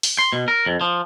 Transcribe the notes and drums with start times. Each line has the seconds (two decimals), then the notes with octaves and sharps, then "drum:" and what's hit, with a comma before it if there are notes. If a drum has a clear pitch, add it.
0.03 drum: open hi-hat
0.19 C6
0.33 B2
0.48 A#4
0.66 F2
0.81 F3